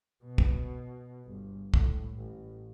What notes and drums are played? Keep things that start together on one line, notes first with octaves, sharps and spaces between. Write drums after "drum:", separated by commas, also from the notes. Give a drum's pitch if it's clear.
B2
drum: kick
G1
A2, drum: kick
A1